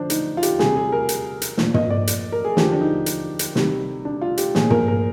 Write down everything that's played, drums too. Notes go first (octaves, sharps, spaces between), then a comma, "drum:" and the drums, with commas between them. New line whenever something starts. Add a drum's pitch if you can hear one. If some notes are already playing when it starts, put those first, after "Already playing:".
Already playing: D3 F3 D4 C5
D#4, drum: hi-hat
F4
G4, drum: hi-hat
C3 G3 G#4, drum: snare
G#4
A#4
drum: hi-hat
drum: hi-hat
A#2 F3, drum: snare
D#5, drum: tom
D5
drum: hi-hat
A#4
G#4
D3 F3 G4, drum: snare
D4
D#4
drum: hi-hat
drum: hi-hat
C3 D#3 G3, drum: snare
D4
F4
G4, drum: hi-hat
A#2 F3 G#4, drum: snare
A#4, drum: tom
A#4